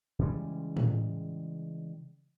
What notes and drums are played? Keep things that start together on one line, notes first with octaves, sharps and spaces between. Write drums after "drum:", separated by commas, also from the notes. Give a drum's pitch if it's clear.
C#3 E3 G3 G#3
drum: tom A2